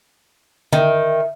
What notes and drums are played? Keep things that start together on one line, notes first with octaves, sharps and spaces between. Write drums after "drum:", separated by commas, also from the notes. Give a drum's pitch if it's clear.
D#3 E5, drum: tom D3